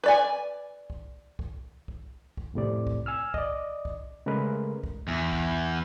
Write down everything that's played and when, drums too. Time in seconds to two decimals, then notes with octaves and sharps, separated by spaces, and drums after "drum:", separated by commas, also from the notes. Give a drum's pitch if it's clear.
0.04 B4 D5 G#5
0.90 drum: kick
1.39 drum: kick
1.88 drum: kick
2.37 drum: kick
2.54 F2 A2 C3 D5
2.87 drum: kick
3.06 G#5 E6 F6
3.34 D5 D#5, drum: kick
3.85 drum: kick
4.26 C#3 G#3 A3 A#4 B4
4.84 drum: kick
5.08 E2
5.33 drum: kick